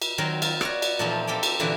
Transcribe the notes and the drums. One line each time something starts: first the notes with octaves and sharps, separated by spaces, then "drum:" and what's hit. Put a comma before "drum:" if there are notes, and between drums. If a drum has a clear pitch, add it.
drum: cymbal
D#3 F#3 C4 A#4
F4, drum: cymbal
F#4 C#5 D5, drum: rim click
drum: cymbal
A#2 E3 F3 A3 C4 D#4
A#3 C4 G4 A4
drum: cymbal
A#2 D3 E3 A#3 E4